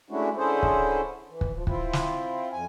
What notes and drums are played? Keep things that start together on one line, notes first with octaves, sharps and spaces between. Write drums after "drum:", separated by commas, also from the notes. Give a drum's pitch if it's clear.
G#3 A3 C#4 D4 E4 F#4
D3 C#4 E4 G#4 A4 C5
drum: kick
E3
drum: kick
F3
C4 E4 F4, drum: kick
drum: snare
F2 G#5